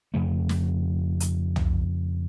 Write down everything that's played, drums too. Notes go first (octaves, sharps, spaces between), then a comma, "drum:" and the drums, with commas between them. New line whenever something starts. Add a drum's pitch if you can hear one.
F2 C#3 A3
drum: snare
drum: hi-hat
drum: tom